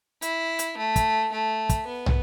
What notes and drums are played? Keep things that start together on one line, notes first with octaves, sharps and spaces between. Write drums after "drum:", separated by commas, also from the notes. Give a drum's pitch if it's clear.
E4, drum: hi-hat
drum: hi-hat
A3
drum: kick, hi-hat
A3
drum: kick, hi-hat
B3
drum: tom